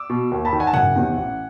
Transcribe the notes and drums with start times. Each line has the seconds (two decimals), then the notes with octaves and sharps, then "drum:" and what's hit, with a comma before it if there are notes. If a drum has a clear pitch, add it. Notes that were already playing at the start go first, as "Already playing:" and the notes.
Already playing: D6 E6
0.10 B2
0.31 D#2
0.45 A5 B5
0.53 D#3
0.60 F#5 G#5
0.67 A5
0.74 F#1 F#5 G#5, drum: tom G2
0.95 E2 C3 D#3
1.17 A1